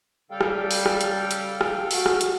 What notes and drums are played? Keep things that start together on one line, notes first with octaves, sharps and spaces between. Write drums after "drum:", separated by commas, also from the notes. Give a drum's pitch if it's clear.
C#3 G3 A4 F5 G5
drum: rim click
drum: open hi-hat
drum: rim click
drum: hi-hat
drum: hi-hat
drum: rim click
F#4, drum: open hi-hat
drum: rim click
drum: hi-hat